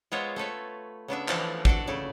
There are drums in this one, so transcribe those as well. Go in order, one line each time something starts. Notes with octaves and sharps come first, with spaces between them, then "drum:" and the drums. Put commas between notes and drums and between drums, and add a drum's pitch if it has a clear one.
G#3 B3 F4 C5 C#5 E5
A3 A4 B4 C#5
C#3 B3 D4 E5
E3 F3 A4 D5, drum: clap
D4 F#4 A4 D5, drum: kick
C#3 A3 E4 D5